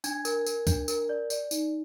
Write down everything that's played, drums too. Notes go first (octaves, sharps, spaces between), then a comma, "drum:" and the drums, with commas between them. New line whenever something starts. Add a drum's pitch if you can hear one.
D4 G#5 G#6, drum: tambourine
A#4, drum: tambourine
A#4, drum: tambourine
D4, drum: kick C#2, tambourine
A#4, drum: tambourine
D5
D5, drum: tambourine
D#4, drum: tambourine